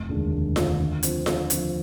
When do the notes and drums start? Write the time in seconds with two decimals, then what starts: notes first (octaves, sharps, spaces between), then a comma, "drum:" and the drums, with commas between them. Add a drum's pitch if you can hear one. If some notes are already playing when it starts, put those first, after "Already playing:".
Already playing: F1
0.09 D#2 D3 G#3 D4
0.33 F1
0.56 D#2 D3 G#3 D4, drum: snare F4
0.80 D3
1.03 F3 C4 F4 C5, drum: hi-hat
1.26 D3, drum: snare F4
1.50 F3 C4 F4 C5, drum: hi-hat